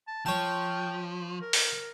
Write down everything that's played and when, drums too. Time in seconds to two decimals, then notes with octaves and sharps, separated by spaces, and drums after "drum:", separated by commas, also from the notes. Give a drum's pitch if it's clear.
0.07 A5
0.26 F3 C#5 G5 A5
1.41 A#4
1.53 drum: open hi-hat